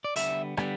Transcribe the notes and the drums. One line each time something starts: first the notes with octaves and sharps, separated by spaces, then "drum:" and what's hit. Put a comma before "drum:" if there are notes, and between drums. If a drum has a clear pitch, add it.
D5
D3 G3 B3 E5, drum: open hi-hat
D3 G3 B3, drum: rim click